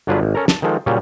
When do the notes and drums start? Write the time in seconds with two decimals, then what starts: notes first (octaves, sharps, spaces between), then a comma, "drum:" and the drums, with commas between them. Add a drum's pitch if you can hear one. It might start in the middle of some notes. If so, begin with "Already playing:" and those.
0.07 G1 F#3 D4 F4 G#4 B4
0.21 G#1
0.35 C#4 A4 A#4 A#5
0.48 A5, drum: snare
0.62 D#3 F3 G#3 A4
0.86 A#2 C#3 F#3 G3 C#4